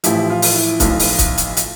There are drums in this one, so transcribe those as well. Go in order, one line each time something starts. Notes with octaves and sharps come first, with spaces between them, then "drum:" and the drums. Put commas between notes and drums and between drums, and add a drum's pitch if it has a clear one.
A1 A2 F3 E4 G4, drum: hi-hat
F4
drum: open hi-hat
E4
B1 A2 F3 F4, drum: kick C#1, hi-hat
drum: open hi-hat
drum: kick C#1, hi-hat
drum: hi-hat
drum: hi-hat